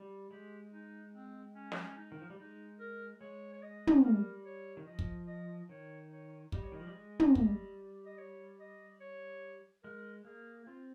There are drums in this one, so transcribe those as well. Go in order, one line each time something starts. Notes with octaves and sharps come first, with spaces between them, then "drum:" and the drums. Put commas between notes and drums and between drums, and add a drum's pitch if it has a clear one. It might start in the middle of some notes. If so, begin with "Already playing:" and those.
Already playing: G3
G#3 G4
D#4
C4
C#4
drum: snare
C#4
D#4
D#3
F3
G3
G#3 D#4
A#4
G#3 C#5
C#5
D#5
drum: tom
G3 A#4
C#5
D#3
F3 D#5
drum: kick
D#5
D#3 C#5
C#5
G3 D#5, drum: kick
C#5
D#3
D#5
F3
G3
G#3
drum: tom
G3, drum: kick
D#5
C#5
D#5
C#5
G#3 A#4
A#3 G#4
C4 F4